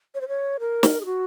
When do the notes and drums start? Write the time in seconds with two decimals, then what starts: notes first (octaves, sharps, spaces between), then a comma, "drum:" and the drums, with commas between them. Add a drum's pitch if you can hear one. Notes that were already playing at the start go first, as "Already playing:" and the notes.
0.15 C#5
0.21 C5
0.28 C#5
0.60 A#4
0.83 drum: snare
1.01 G#4
1.05 F#4